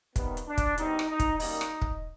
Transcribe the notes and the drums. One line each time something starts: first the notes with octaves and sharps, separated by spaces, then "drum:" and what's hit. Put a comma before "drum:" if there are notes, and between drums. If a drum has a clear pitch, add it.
C3 D#3 G3 B3, drum: kick, hi-hat
drum: hi-hat
D4
drum: kick, hi-hat
B2 G3 C4 D#4, drum: hi-hat
drum: rim click
D#4
drum: kick, hi-hat
F#2 D#3 G3 A#3 D#4, drum: open hi-hat
drum: rim click
drum: kick